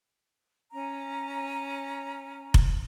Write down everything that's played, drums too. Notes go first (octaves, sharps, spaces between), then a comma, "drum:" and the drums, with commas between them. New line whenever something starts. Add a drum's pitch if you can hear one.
C#4 A#5
drum: kick F1